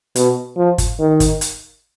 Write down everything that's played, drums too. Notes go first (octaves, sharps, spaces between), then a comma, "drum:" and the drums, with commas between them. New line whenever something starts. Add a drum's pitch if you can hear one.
B2, drum: hi-hat
F3
drum: kick, hi-hat
D#3
drum: kick, hi-hat
drum: hi-hat